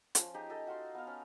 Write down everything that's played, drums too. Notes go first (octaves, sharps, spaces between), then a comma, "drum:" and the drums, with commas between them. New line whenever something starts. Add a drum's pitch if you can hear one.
F3 C#4, drum: hi-hat
D#4 G4 G#4
G4 A4 D#5
F#4 F5 C6
B3 F5
C#4